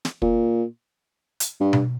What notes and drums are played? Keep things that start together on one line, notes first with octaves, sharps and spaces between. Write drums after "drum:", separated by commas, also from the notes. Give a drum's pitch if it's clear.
drum: snare
A#2, drum: kick
drum: hi-hat
G2
drum: tom B2